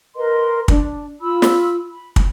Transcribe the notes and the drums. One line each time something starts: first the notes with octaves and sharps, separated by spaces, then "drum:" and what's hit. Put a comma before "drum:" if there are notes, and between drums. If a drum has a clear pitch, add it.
A#4 B4 D#5 C6
D4, drum: kick
F4 B5 E6
drum: snare
B5
drum: kick